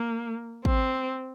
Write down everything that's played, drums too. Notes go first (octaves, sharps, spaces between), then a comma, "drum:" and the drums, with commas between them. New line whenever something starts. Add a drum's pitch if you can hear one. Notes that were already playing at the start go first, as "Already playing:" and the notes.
Already playing: A#3
C4, drum: kick